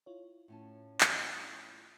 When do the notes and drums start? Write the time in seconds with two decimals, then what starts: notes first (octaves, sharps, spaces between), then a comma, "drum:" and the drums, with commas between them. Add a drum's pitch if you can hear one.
0.06 E4 F4 C#5
0.48 A2 C#4 A5
1.01 drum: clap